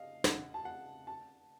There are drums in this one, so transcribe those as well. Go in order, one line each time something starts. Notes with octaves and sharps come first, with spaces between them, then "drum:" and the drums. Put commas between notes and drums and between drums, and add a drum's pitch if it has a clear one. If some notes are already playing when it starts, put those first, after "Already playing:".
Already playing: D#5 F5
F#5, drum: snare
A5
F#5
A5